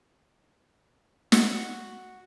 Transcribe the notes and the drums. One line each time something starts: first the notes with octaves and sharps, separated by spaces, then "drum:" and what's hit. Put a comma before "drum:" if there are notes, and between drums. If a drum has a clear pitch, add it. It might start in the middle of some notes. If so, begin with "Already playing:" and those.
F#4, drum: snare